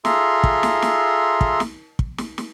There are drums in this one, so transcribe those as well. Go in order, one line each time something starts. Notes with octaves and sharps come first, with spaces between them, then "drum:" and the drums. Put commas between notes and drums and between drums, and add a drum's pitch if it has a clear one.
F4 G#4 A4 E5 A#5 C6, drum: snare
drum: kick
drum: snare
drum: snare
drum: kick
drum: snare
drum: kick
drum: snare
drum: snare